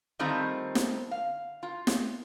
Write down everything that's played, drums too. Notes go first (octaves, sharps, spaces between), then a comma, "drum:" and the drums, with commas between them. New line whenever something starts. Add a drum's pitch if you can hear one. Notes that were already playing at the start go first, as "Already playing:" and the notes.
D#3 G3 A3 C4 D#4 F4
drum: snare
F5
F4
drum: snare